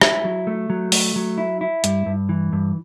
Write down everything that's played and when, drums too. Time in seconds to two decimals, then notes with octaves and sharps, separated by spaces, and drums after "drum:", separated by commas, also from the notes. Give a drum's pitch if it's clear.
0.01 E4, drum: rim click
0.25 F#3
0.47 A3
0.70 F#3
0.92 A3, drum: open hi-hat
1.16 F#3
1.38 E4
1.61 E4
1.84 G2, drum: hi-hat
2.06 G2
2.29 E3
2.53 G2